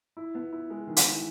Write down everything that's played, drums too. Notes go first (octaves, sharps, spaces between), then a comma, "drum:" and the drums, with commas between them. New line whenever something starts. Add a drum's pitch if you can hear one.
E4
B3
E4
G#3
D#3
drum: hi-hat
E4